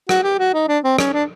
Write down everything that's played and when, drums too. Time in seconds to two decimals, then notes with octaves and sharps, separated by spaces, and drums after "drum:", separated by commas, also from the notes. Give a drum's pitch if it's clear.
0.09 F#4, drum: rim click
0.23 G4
0.39 F#4
0.54 D#4
0.68 D4
0.84 C4
0.99 C#4, drum: rim click
1.13 D4